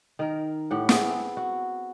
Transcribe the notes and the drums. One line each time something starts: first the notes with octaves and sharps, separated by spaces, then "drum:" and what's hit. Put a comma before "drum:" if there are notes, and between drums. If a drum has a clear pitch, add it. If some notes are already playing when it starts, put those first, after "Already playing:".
D#3 A#4
A2 G4 F#5
B3 C4 G#4 E5, drum: snare
F#4